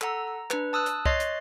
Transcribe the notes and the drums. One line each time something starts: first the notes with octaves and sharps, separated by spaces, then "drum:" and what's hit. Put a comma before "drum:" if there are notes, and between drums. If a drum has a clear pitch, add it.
A4 F#5 A#5 E6, drum: clap
A#5
D4 B4, drum: clap
A5 D#6 E6 F#6
drum: hi-hat
C#5 D#5 C6 F#6 A6 C7, drum: kick C2
drum: hi-hat